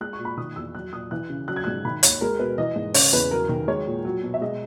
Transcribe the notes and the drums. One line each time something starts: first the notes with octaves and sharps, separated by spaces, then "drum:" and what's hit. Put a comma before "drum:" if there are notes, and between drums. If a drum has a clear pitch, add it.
G#3 F#6
C#6
A#2
B5
D#3 D#6
E2 E6
F#3 F#6
A#2 D#6
E3 F#6
C#3
F#3 F#6
G#6
G#2 F#6
D#3 B5
D#2 C#5, drum: hi-hat
G#3 A#4
B2 B4
E3 D#5
G#2
C#3 C#5, drum: open hi-hat
E2 B4
F#3 A#4
D#3
G#3 C#5
A#2
F#3
B2
E5
G#3 D#5